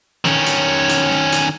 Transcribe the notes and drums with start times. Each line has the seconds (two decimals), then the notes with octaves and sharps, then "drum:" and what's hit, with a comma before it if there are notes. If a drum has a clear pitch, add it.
0.25 D#3 C#4, drum: snare
0.46 drum: hi-hat
0.89 drum: hi-hat
1.11 drum: snare
1.32 drum: hi-hat